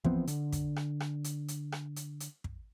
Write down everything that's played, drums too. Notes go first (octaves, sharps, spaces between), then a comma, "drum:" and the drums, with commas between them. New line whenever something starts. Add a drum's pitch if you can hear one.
E3 F3 B3 C4, drum: kick
D3, drum: hi-hat
drum: kick, hi-hat
drum: rim click
drum: rim click
drum: hi-hat
drum: hi-hat
drum: rim click
drum: hi-hat
drum: hi-hat
drum: kick